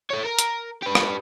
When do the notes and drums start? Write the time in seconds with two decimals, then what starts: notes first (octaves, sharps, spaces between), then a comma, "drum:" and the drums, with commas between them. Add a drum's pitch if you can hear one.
0.10 A4 C#5
0.24 A#4
0.39 drum: hi-hat
0.82 G4 B4
0.95 drum: rim click